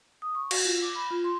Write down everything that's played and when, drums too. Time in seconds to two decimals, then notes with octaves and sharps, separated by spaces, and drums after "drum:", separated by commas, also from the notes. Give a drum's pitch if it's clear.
0.22 D#6
0.35 C#6
0.51 F#4, drum: cymbal
0.65 F4
0.82 D6
0.95 B5
1.10 F4
1.24 C6